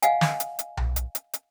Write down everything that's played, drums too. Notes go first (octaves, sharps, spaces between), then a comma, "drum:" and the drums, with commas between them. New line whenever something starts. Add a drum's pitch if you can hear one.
D#5 F5 F#5 G#5, drum: hi-hat
drum: snare
drum: hi-hat
drum: hi-hat
drum: tom B1
drum: hi-hat
drum: hi-hat
drum: hi-hat